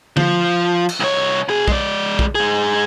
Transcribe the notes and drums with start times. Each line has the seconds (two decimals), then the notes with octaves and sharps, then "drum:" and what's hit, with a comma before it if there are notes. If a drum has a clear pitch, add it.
0.17 F3, drum: tom D3
0.89 drum: cymbal
1.00 C2 C#5
1.49 B2 G#4
1.68 G#3 D5, drum: kick
2.19 drum: kick
2.35 G#2 G#4